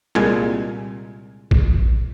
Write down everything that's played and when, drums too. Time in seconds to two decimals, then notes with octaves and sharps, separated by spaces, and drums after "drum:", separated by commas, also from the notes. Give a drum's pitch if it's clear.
0.15 C2 A#2 G#3 G#5
1.51 drum: kick A#1